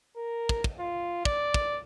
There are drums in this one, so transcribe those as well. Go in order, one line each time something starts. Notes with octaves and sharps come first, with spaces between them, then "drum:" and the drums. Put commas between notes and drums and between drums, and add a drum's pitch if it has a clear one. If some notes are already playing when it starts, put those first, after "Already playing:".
A#4
drum: kick
drum: kick
F4
D5, drum: kick
drum: kick